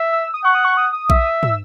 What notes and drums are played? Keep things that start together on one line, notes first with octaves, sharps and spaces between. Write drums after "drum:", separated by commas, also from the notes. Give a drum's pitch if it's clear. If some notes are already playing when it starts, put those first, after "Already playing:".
Already playing: E5
E6
E6
D#6
F#5 C#6
D#6
C#6
D#6
D#6
E5, drum: kick A#1
E6, drum: tom